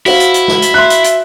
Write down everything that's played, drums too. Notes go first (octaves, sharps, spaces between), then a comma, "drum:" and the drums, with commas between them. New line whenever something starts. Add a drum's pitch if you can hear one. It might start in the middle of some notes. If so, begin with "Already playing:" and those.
E4 F#4 C5 F5, drum: open hi-hat
drum: hi-hat
drum: hi-hat
drum: snare
drum: hi-hat
E5 C6 F#6
drum: hi-hat
drum: hi-hat